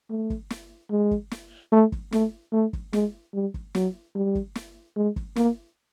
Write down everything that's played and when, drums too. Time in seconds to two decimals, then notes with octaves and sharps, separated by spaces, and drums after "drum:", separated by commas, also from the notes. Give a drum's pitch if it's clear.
0.10 A3
0.30 drum: kick
0.50 drum: snare
0.91 G#3
1.11 drum: kick
1.31 drum: snare
1.72 A3
1.92 drum: kick
2.12 A3, drum: snare
2.53 A3
2.73 drum: kick
2.93 G#3, drum: snare
3.34 G3
3.54 drum: kick
3.75 F#3, drum: snare
4.15 G3
4.35 drum: kick
4.55 drum: snare
4.96 G#3
5.16 drum: kick
5.36 A#3, drum: snare